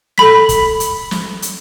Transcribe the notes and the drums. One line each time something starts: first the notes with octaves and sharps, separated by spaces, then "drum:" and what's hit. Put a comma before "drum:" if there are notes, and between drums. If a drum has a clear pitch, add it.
A4 B5 B6, drum: snare
drum: kick, hi-hat
drum: hi-hat
drum: snare
drum: hi-hat